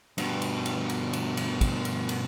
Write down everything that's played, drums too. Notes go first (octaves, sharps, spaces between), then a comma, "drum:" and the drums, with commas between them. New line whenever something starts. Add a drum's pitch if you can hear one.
G2 B2, drum: cymbal
drum: cymbal
drum: cymbal
drum: cymbal
drum: cymbal
drum: cymbal
drum: kick, cymbal
drum: cymbal
drum: cymbal